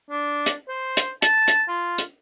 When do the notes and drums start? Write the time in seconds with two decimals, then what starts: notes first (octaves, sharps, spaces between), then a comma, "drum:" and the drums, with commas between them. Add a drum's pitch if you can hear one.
0.11 D4
0.46 drum: hi-hat
0.68 C5
0.97 drum: hi-hat
1.22 A5, drum: hi-hat
1.48 drum: hi-hat
1.69 F4
1.98 drum: hi-hat